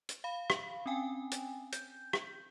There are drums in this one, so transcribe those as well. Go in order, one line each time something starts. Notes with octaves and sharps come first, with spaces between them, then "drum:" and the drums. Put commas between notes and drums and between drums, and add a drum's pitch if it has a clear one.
drum: hi-hat
F5 B5
drum: rim click
C4 C#4 G5 G#5
drum: hi-hat
G6, drum: hi-hat
drum: rim click